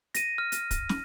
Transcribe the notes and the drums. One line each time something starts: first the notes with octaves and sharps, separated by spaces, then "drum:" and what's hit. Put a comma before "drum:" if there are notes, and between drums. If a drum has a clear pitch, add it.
A#6 D#7, drum: hi-hat
F6
drum: hi-hat
drum: kick, hi-hat
drum: snare